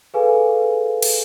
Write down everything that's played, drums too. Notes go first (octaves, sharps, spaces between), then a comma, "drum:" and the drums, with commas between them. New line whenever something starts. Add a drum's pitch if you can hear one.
G#4 A4 B4 F5 G#5
drum: cymbal